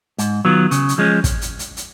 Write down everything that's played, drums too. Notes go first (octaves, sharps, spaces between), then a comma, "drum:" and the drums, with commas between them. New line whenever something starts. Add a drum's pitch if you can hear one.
G#2, drum: hi-hat
D#3 F#3 B3 F4
C#3, drum: hi-hat
drum: hi-hat
F3 G#3 C#4
drum: kick, hi-hat
drum: hi-hat
drum: hi-hat
drum: hi-hat